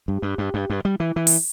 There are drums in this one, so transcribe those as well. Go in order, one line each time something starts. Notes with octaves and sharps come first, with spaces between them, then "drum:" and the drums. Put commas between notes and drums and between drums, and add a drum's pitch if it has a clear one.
G2
G2
G2
G2
G2
G3
E3
E3
drum: open hi-hat